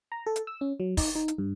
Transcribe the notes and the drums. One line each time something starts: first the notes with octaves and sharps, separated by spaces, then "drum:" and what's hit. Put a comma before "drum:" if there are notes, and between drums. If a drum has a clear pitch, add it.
A#5
A4
drum: hi-hat
E6
C#4
F#3
D#4, drum: kick, open hi-hat
D#4
drum: hi-hat
G2